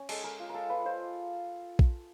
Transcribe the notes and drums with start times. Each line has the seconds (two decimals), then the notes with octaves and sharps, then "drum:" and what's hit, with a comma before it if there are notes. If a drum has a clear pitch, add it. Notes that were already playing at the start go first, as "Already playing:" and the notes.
Already playing: C#4
0.09 G#3 A4, drum: cymbal
0.24 G#3 A#4
0.39 F4
0.49 G#3 A4 A#4
0.69 F4 B4
0.85 F4 C5
1.79 drum: kick A#1